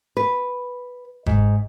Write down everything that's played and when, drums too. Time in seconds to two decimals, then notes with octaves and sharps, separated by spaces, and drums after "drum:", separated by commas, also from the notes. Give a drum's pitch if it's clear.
0.17 B4
1.26 G#2, drum: kick G1